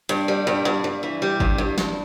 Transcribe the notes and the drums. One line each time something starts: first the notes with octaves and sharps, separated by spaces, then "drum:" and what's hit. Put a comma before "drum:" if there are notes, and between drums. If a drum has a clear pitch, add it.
G2, drum: hi-hat
G3
G2
G2
G2
E3
G3
G2, drum: kick G1
G2
G2, drum: snare